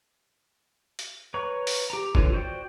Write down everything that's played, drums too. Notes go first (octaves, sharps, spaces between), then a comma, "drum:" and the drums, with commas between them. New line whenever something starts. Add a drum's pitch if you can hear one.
drum: hi-hat
B4 C#5 A#5 C#6
drum: open hi-hat
G4 A#5
D3 E3 F4 C#5, drum: kick
F#4 C5 D5 G5